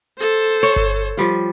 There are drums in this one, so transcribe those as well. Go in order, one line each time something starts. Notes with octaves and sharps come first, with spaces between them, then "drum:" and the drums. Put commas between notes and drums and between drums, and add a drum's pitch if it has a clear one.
A4 C5, drum: hi-hat
C#5
drum: kick G1, hi-hat
drum: hi-hat
F3 G3 F4, drum: hi-hat